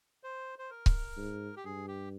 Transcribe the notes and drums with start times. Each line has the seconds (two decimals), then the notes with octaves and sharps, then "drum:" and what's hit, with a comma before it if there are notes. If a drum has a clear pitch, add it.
0.24 C5
0.59 C5
0.70 A#4
0.86 drum: kick C#1
1.17 G#2
1.57 G4
1.65 G2 G#4
1.88 G4